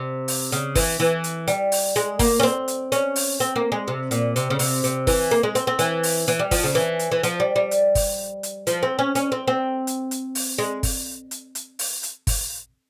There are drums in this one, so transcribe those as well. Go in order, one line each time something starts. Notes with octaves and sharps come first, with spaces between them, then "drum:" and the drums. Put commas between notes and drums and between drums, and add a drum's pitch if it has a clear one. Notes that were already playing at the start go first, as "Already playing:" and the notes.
Already playing: C3
drum: open hi-hat
C#3, drum: hi-hat
E3, drum: kick G1, open hi-hat
E3
drum: hi-hat
G3, drum: hi-hat
drum: open hi-hat
G#3, drum: hi-hat
A#3, drum: kick G1, open hi-hat
C#4
C4
drum: hi-hat
C#4, drum: hi-hat
drum: open hi-hat
C4, drum: hi-hat
A#3
G#3
C3
A#2, drum: hi-hat
C3, drum: hi-hat
C#3
C3, drum: open hi-hat
C3, drum: hi-hat
E3, drum: kick G1, open hi-hat
A#3
G#3
C4, drum: hi-hat
C4
E3, drum: hi-hat
drum: open hi-hat
E3, drum: hi-hat
G3
F3, drum: kick G1, open hi-hat
C#3
E3
drum: hi-hat
E3
F3, drum: hi-hat
G3
G3
drum: hi-hat
drum: kick G1, open hi-hat
drum: hi-hat
F3, drum: hi-hat
C4
C#4
C#4, drum: hi-hat
C4
C4
drum: hi-hat
drum: hi-hat
drum: open hi-hat
G#3
drum: kick G1, open hi-hat
drum: hi-hat
drum: hi-hat
drum: open hi-hat
drum: hi-hat
drum: kick G1, open hi-hat